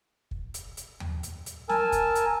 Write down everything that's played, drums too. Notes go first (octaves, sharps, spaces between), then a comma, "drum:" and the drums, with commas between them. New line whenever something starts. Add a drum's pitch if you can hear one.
drum: kick
drum: hi-hat
drum: hi-hat
drum: tom
drum: hi-hat
drum: hi-hat
A#4 G#5 A5 E6, drum: snare
drum: kick, hi-hat
drum: hi-hat